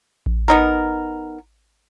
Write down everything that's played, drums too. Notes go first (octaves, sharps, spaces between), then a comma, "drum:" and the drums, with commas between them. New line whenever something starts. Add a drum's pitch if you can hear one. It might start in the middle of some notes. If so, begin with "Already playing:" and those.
drum: kick A1
B3 D#4 A#4, drum: snare